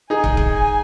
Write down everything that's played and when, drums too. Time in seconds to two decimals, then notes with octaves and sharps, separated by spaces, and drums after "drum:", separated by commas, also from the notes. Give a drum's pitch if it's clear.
0.10 D#4 G#4 G#5
0.24 drum: kick
0.37 drum: kick
0.51 G#5